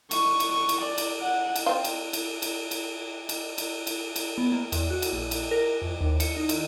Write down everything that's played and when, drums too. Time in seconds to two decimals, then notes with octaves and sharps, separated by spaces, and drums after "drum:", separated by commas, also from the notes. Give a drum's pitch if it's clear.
0.11 C#6, drum: cymbal
0.40 drum: cymbal
0.52 C#6
0.69 drum: cymbal
0.81 D5
0.98 drum: cymbal
1.20 F#5
1.56 drum: cymbal
1.66 C4 F4
1.84 drum: cymbal
2.13 drum: cymbal
2.42 drum: cymbal
2.71 drum: cymbal
3.29 drum: cymbal
3.58 drum: cymbal
3.87 drum: cymbal
4.16 drum: cymbal
4.38 B3
4.52 A#3
4.72 E2, drum: cymbal
4.90 F#4
5.02 drum: cymbal
5.12 A#1
5.31 drum: cymbal
5.51 A#4
5.82 F2
6.01 D#2
6.20 C#7, drum: cymbal
6.37 D#4
6.49 D#3, drum: cymbal